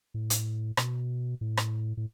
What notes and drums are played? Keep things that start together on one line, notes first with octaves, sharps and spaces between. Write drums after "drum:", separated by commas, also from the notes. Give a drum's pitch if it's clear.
A2
drum: hi-hat
B2, drum: rim click
A2
drum: rim click
A2